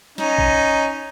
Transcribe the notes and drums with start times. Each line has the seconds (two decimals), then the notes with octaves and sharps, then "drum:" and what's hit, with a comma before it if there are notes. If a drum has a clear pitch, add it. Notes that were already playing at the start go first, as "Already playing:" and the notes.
0.18 C#4 D#4, drum: snare
0.38 drum: kick G#1